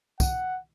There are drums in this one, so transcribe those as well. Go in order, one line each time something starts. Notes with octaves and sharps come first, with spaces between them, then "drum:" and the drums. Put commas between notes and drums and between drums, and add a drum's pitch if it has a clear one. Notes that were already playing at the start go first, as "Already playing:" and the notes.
F#5, drum: kick, tambourine